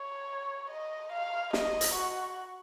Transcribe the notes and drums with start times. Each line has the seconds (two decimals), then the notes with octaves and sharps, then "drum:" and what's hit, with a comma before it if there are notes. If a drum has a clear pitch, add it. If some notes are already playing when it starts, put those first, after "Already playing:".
Already playing: C#5
0.70 D#5
1.12 F5
1.53 D#5, drum: snare
1.81 drum: hi-hat
1.94 F#4